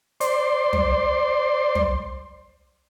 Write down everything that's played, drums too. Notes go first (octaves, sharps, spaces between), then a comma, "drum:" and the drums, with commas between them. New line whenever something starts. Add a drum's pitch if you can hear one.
C5 D5 C6, drum: hi-hat
drum: tom
drum: tom